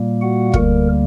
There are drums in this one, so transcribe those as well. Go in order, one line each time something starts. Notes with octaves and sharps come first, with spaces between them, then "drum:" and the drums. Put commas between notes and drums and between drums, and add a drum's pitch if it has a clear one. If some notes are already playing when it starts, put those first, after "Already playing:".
Already playing: A#2 G3 A#3
F#4 F#5
D2 D3 G3 A#3 A#4, drum: kick